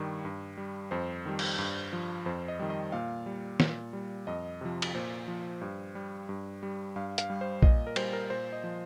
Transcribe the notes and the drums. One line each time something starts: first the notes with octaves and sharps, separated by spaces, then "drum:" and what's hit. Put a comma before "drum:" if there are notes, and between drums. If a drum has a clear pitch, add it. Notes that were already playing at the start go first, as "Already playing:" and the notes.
Already playing: G2 D#3 G3
G2
G3
F2 C5
D#3 G3
drum: cymbal
G2
F3
F2 C5
D#5
D#3 G3
D#5
A#2 F5
G3
A#2, drum: snare
G3
F2 D#5
C3 F3
drum: cymbal
A#2 C5
F3
G2
G3
G2
G3
G2 F5
F5, drum: hi-hat
G3
C5
A#2 D#5, drum: kick A#1
A#4
G3 C5, drum: cymbal
A#4
A#2 C5
D#5
F3